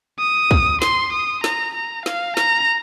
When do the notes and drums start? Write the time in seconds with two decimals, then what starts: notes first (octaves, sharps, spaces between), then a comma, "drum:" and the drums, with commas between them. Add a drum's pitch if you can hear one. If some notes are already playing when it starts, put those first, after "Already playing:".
0.19 D#6
0.51 drum: kick
0.82 C6, drum: snare
1.13 D#6
1.44 A#5, drum: snare
1.75 A#5
2.06 F5, drum: snare
2.37 A#5, drum: snare